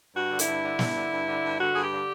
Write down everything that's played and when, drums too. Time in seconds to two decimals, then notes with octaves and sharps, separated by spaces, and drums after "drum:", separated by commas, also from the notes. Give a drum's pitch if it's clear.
0.15 G2 F#4
0.31 D3
0.39 E4, drum: hi-hat
0.47 G2
0.64 D3
0.79 G2, drum: snare
0.95 D3
1.12 G2
1.27 D3
1.43 G2
1.59 D3 F#4
1.74 G2 G#4
1.83 G4
1.92 D3